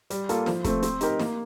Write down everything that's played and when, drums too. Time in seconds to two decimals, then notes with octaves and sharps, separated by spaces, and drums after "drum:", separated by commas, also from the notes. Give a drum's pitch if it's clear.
0.10 G3, drum: hi-hat
0.29 A#3 F4 A4, drum: hi-hat
0.46 F3, drum: snare
0.64 A3 C4, drum: kick, hi-hat
0.83 C4, drum: hi-hat
1.01 D#4 G4 A#4, drum: hi-hat
1.19 A#3, drum: snare